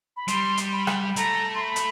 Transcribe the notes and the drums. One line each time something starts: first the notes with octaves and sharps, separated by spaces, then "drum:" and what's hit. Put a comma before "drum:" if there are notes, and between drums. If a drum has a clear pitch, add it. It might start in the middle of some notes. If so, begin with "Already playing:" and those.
B5
G3 C6, drum: hi-hat
drum: hi-hat
B5
drum: rim click
A3 A#5, drum: hi-hat
C6
B5
drum: hi-hat